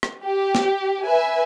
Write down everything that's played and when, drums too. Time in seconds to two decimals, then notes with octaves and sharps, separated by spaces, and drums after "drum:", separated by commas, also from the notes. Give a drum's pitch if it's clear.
0.03 drum: rim click
0.23 G4
0.55 drum: snare
1.04 B4 E5 G#5